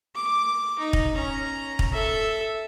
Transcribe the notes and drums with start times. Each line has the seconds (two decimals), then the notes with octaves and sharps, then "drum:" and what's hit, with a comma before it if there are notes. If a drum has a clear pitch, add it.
0.15 D6
0.79 D#4
0.93 drum: kick
1.15 C#4 A#5
1.79 drum: kick
1.92 A4 E5